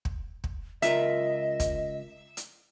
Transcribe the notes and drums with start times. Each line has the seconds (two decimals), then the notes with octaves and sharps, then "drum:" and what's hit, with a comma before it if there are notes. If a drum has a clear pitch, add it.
0.05 drum: kick
0.44 drum: kick
0.82 C#2 F4 A#4 D#5 E5, drum: hi-hat
1.60 drum: kick, hi-hat
2.37 drum: hi-hat